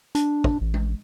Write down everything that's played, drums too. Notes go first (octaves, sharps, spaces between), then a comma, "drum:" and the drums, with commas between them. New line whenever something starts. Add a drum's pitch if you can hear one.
D4, drum: hi-hat
drum: kick
A1
drum: tom G#3